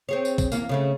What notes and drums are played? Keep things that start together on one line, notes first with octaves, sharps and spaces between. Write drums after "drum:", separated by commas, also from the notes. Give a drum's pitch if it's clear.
C4 G#4 C#5
drum: tambourine
drum: kick, tambourine
E2 A#3, drum: tambourine
C#3 A3 C#4